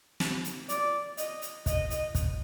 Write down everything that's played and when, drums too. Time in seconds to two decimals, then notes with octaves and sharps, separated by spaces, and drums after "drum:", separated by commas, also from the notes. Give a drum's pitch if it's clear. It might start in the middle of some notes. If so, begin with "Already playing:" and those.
0.20 drum: snare
0.44 drum: hi-hat
0.69 D5, drum: hi-hat
1.17 D#5, drum: hi-hat
1.42 drum: hi-hat
1.66 D#5, drum: kick, hi-hat
1.90 drum: hi-hat
2.15 drum: kick, hi-hat